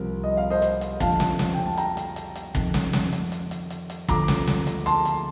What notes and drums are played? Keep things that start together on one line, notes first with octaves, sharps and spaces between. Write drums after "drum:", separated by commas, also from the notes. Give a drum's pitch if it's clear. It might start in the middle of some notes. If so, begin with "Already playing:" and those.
Already playing: C2 C3 F3 A#4
D#5
F5
C5 D#5
drum: hi-hat
drum: hi-hat
F2 D3 F3 F5 A5, drum: kick, hi-hat
drum: snare
drum: snare
G5
A5
G5 A#5, drum: hi-hat
drum: hi-hat
drum: hi-hat
drum: hi-hat
F2 D#3, drum: kick, hi-hat
drum: snare
drum: snare
drum: hi-hat
drum: hi-hat
drum: hi-hat
drum: hi-hat
drum: hi-hat
D2 D3 F3 A#5 D6, drum: kick, hi-hat
drum: snare
drum: snare
drum: hi-hat
A5 C6, drum: hi-hat
drum: hi-hat